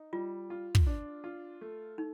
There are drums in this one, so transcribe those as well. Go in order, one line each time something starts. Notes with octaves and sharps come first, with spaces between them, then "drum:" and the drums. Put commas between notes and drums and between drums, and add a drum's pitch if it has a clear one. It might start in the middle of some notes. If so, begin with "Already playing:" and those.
Already playing: D#4
G3 F4
F4
drum: kick
D4
F4
A3
A3 D#4